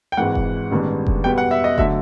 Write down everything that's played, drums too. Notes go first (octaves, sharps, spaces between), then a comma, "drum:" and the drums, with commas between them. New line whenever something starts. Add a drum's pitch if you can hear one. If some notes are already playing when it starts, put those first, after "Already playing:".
G5
G#1 G#2 E3 G#3 F#5
drum: kick F1
A1 G2 D#3 G#3 B3
drum: kick F1
E2 B2 G3 B3 G5
F#5
E5
D#5
D3 F#3 A3 E5, drum: kick F1